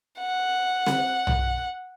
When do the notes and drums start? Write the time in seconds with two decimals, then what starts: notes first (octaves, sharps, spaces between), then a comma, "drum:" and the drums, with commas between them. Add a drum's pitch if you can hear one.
0.20 F#5
0.87 drum: snare C4
1.27 drum: tom